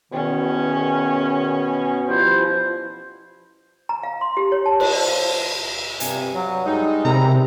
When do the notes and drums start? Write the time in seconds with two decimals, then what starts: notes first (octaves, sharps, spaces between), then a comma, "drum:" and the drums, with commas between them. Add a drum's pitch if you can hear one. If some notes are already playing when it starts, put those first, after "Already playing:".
0.13 E2 B2 D#3 C#4
2.09 G2 F3 G3 E4 C5
3.89 A#5
4.03 F5
4.21 C6
4.37 G4
4.52 C#5
4.66 A5
4.80 C5, drum: cymbal
4.92 D5
5.09 F5
6.00 G2 C3 G#5, drum: hi-hat
6.34 F#3
6.65 G3 G#3 D#4
7.05 C3 D#3 E4 A#5